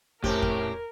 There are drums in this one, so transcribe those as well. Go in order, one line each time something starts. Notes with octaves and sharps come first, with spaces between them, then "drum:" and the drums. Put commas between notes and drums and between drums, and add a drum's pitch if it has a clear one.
A2 C4 C#4 G4 A#4, drum: kick
drum: kick